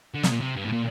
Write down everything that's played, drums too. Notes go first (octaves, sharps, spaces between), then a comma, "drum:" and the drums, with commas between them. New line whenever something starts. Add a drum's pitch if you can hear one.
D3
C3, drum: snare
A#2
C3
G2
A2
A#2